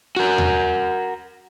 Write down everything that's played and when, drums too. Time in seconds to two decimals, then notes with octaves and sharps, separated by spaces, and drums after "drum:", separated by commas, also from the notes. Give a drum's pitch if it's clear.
0.16 F#4 A#4
0.38 drum: tom D#2